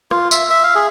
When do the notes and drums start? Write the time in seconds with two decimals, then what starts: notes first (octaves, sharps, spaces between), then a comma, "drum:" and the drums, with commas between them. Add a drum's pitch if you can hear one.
0.11 F4, drum: rim click
0.31 E5, drum: tambourine
0.50 E5
0.63 F5
0.75 G#4